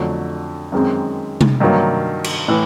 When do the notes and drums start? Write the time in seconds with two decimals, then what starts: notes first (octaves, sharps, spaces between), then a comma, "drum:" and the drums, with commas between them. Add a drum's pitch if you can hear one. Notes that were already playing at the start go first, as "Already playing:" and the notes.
Already playing: F2 D3 F#3 A3 D4
0.72 F#2 D#3 G#3 C4
1.41 drum: tom C3
1.60 G2 D#3 F#3 A#3
2.24 drum: cymbal
2.48 A2 E3